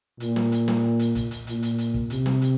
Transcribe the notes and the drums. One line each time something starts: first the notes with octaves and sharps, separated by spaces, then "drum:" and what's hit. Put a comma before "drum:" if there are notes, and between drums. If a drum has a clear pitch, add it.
A#2, drum: hi-hat
drum: snare
drum: hi-hat
drum: snare
drum: hi-hat
drum: kick, hi-hat
drum: hi-hat
A#2, drum: hi-hat
drum: hi-hat
drum: hi-hat
drum: kick
C3, drum: hi-hat
drum: snare
drum: hi-hat